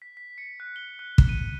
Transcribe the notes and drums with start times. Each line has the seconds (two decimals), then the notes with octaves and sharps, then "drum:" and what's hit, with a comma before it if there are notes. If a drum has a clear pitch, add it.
0.02 B6
0.17 B6
0.38 C#7
0.60 F#6
0.76 G7
0.99 F#6
1.18 drum: kick
1.29 D#7